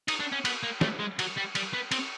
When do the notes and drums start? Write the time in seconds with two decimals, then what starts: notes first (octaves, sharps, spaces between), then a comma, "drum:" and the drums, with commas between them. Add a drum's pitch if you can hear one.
0.08 D#4, drum: cymbal
0.20 D4
0.33 C#4
0.45 B3, drum: cymbal
0.63 A#3
0.81 A3, drum: snare
0.99 G#3
1.19 F#3, drum: cymbal
1.37 G3
1.55 G3, drum: cymbal
1.73 B3
1.91 C4, drum: cymbal